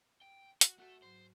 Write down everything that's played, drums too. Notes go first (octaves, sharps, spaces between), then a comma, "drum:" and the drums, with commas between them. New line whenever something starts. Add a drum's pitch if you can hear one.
G5
F#4, drum: hi-hat
A3 F#4 A4 F#5
G#2 F#3 C5